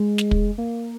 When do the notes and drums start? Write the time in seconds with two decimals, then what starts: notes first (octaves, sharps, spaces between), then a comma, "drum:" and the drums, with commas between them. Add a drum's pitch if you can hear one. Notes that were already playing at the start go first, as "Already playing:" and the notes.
Already playing: G#3
0.18 drum: snare
0.31 drum: kick
0.58 A#3